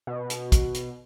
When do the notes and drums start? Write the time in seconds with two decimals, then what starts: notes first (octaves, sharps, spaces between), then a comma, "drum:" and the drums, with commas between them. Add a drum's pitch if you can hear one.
0.07 B2
0.30 drum: hi-hat
0.52 drum: kick, hi-hat
0.74 drum: hi-hat